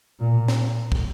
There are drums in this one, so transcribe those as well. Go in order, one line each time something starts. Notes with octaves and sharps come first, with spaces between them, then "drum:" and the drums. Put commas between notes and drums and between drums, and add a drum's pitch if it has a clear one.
A#2
drum: snare
drum: kick